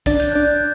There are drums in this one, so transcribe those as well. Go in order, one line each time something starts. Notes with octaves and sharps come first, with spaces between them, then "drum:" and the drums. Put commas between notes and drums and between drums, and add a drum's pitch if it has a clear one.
D4 A6, drum: kick B1, hi-hat
G6, drum: hi-hat
D4 F#6
G6